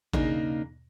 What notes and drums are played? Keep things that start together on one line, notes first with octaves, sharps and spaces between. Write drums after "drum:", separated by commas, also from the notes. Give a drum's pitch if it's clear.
C#3 A#3 D4 D#4, drum: kick A1